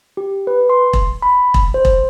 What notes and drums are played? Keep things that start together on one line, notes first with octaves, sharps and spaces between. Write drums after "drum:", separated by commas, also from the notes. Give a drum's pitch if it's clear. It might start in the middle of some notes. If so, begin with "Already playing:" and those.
G4
B4
C6
drum: kick E1
B5
drum: kick E1
C5
drum: kick E1